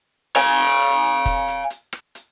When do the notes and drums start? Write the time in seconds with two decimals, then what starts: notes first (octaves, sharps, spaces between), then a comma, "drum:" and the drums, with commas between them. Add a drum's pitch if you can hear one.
0.36 F5 G#5, drum: hi-hat
0.58 drum: hi-hat
0.81 drum: hi-hat
1.03 drum: hi-hat
1.26 drum: kick F1, hi-hat
1.48 drum: hi-hat
1.70 drum: hi-hat
1.93 drum: rim click
2.15 drum: hi-hat